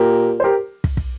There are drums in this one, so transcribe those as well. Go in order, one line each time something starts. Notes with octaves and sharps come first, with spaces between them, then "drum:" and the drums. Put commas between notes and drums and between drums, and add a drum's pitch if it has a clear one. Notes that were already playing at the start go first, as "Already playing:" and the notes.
Already playing: A#2 G4 A#4
C5
G4 A#4
drum: kick
drum: kick